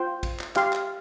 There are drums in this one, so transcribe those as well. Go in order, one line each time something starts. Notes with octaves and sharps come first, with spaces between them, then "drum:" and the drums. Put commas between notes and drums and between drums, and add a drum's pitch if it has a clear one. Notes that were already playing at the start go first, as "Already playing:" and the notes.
Already playing: F4 C5 G5
drum: kick A#1, cymbal
drum: clap
G4 F5 C6, drum: clap
drum: clap